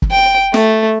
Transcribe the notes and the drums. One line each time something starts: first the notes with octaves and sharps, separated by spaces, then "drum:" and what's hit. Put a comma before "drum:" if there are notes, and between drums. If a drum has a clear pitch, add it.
drum: kick
G5
A3, drum: snare